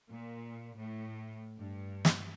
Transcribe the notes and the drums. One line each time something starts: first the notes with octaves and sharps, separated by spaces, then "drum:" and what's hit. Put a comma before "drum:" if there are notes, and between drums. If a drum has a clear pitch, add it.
A#2
A2
G2
drum: snare